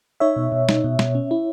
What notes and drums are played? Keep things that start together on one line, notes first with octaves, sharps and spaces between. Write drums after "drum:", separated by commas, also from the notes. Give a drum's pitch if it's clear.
D#4 C#5 E5
B2
B2
D#4, drum: snare
B2
B2, drum: snare
C#4
E4